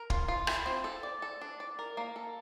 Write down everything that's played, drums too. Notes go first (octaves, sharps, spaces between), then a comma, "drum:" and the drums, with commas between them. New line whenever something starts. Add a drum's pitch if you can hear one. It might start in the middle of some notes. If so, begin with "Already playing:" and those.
Already playing: A#4
F4, drum: kick
F4
E4, drum: rim click
C4
A4
D5
A4
D4
D5
A#4
A#3
A4